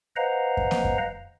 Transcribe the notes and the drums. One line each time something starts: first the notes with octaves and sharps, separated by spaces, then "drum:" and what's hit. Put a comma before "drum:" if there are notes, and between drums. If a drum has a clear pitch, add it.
B4 C5 D#5 F5 F#5 A#5
drum: kick F#2
drum: snare A#3
drum: kick F#2